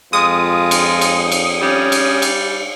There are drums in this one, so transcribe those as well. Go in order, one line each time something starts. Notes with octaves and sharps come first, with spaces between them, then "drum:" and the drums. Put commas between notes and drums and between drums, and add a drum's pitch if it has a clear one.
F2 G#3 F4 D#6
drum: cymbal
drum: cymbal
drum: cymbal
G3 C#4
drum: cymbal
drum: cymbal